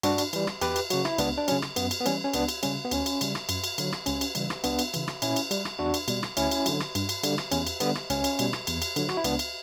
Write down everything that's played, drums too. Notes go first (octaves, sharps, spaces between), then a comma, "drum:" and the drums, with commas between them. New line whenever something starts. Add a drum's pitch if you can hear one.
G2 D4 F#4, drum: cymbal
drum: cymbal
E3 G3, drum: cymbal
drum: rim click
E2 G4 B4, drum: cymbal
drum: cymbal
C#3 F#3 F#4, drum: cymbal
E4, drum: rim click
C#2 B3 D4, drum: cymbal
D4
C#3 F#3 C#4, drum: cymbal
drum: rim click
F#2 B3, drum: cymbal
drum: cymbal
B3
E3 G3 C#4, drum: cymbal
C#4
C#2 B3 D4, drum: cymbal
drum: cymbal
C#3 G3 C#4, drum: cymbal
B3
D2 C#4, drum: cymbal
drum: cymbal
C#3 G3, drum: cymbal
drum: rim click
F#2, drum: cymbal
drum: cymbal
D3 F#3, drum: cymbal
drum: rim click
C#2 C#4, drum: cymbal
drum: cymbal
C#3 E3 G3, drum: cymbal
drum: rim click
C#2 B3 D4, drum: cymbal
drum: cymbal
C#3 E3, drum: cymbal
drum: rim click
A#2 C#4 E4, drum: cymbal
drum: cymbal
G3, drum: cymbal
drum: rim click
E2 D4 F#4
drum: cymbal
B2 G3, drum: cymbal
drum: rim click
D2 C#4 E4, drum: cymbal
drum: cymbal
D3 F#3, drum: cymbal
drum: rim click
G2, drum: cymbal
drum: cymbal
D3 G3, drum: cymbal
drum: rim click
E2 C#4, drum: cymbal
drum: cymbal
D3 G3 B3, drum: cymbal
drum: rim click
C#2 C#4, drum: cymbal
drum: cymbal
B2 G3, drum: cymbal
drum: rim click
E2, drum: cymbal
drum: cymbal
D3 F#3, drum: cymbal
F#4, drum: rim click
E4
C#2 B3 D4, drum: cymbal
drum: cymbal